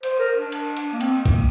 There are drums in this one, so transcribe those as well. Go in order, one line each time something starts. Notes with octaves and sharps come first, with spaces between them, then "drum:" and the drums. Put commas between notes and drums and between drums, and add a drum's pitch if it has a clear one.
C5, drum: cymbal
A#4
D4
drum: cymbal
drum: cymbal
A#3
C4, drum: cymbal
A#3, drum: kick B1, cymbal